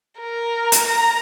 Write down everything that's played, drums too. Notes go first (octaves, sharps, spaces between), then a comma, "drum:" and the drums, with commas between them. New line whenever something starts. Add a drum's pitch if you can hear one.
A#4
drum: hi-hat
A#5